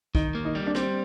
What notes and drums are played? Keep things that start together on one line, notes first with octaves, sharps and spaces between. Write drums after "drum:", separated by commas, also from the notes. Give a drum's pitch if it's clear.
D#3 D#4, drum: kick
A#3
D#4
G3
D4
G3 C4, drum: rim click